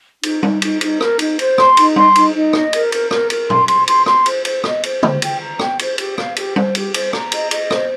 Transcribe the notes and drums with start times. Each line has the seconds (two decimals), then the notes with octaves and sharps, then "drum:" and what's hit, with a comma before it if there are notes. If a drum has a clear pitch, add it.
0.23 D#4, drum: cymbal
0.43 D#4, drum: tom G3
0.62 D#4, drum: cymbal
0.81 D#4, drum: cymbal
1.00 A#4, drum: rim click
1.19 D#4, drum: cymbal
1.39 C5, drum: cymbal
1.58 C6, drum: rim click
1.77 D#4, drum: cymbal
1.96 C6, drum: tom G3
2.15 D#4, drum: cymbal
2.34 D#4
2.53 D#5, drum: rim click
2.73 A#4, drum: cymbal
2.92 A#4, drum: cymbal
3.11 A#4, drum: rim click
3.30 A#4, drum: cymbal
3.50 C6, drum: tom
3.68 C6, drum: cymbal
3.88 C6, drum: cymbal
4.06 C6, drum: rim click
4.26 C5, drum: cymbal
4.45 C5, drum: cymbal
4.64 D#5, drum: rim click
4.83 C5, drum: cymbal
5.03 C5, drum: tom
5.22 G5, drum: cymbal
5.40 A#5
5.59 G5, drum: rim click
5.79 C5, drum: cymbal
5.98 G4, drum: cymbal
6.18 F5, drum: rim click
6.36 G4, drum: cymbal
6.56 C5, drum: tom G3
6.75 G4, drum: cymbal
6.94 C5, drum: cymbal
7.13 A#5, drum: rim click
7.32 D#5, drum: cymbal
7.51 D#5, drum: cymbal
7.70 C5, drum: rim click